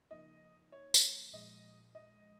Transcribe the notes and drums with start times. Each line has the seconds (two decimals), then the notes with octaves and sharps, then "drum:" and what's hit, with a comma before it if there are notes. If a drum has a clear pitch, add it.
0.11 C#3 F3 A#3 D#4 D#5
0.72 C#5
0.94 drum: tambourine
1.33 A#2 F3 G#3 D#5
1.95 D#5